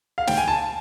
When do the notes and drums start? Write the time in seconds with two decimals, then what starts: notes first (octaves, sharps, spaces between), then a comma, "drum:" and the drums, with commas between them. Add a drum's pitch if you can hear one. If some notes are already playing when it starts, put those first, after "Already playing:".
0.18 F5
0.27 G5, drum: snare
0.38 G#5
0.48 A5